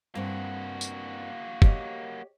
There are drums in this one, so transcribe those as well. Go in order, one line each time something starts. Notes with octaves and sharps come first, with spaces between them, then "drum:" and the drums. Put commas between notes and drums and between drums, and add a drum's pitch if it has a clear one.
G2 A#3 C4 F#4
drum: tambourine
G4 C#5 D#5, drum: kick